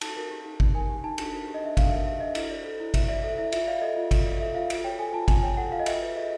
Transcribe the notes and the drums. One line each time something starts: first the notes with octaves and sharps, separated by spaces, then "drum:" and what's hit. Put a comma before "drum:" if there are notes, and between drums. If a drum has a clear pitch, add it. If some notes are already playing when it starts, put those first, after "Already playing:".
D#4 A5, drum: cymbal
A#4
G4
D#4
D#4, drum: kick
A#4 G#5
G4
D#4 A5
D4, drum: cymbal
A#4
G4
D#5
D4 E5
D4 F5, drum: kick, cymbal
A#4 E5
G4 E5
D4 D#5
E4, drum: cymbal
D5
A4
E4
E4 E5, drum: kick, cymbal
D5 E5
A4 E5
E4 E5
F4 E5, drum: cymbal
D5 F5
A4 D#5
F4
F4, drum: kick, cymbal
D5
A4 E5
F4 F5
F4, drum: cymbal
C#5 G5
A4 G#5
F4 A5
F4 G#5, drum: kick, cymbal
C#5 G5
A4 F#5
F4 F5
D#5
F4 E5, drum: cymbal
B4
G#4 D#5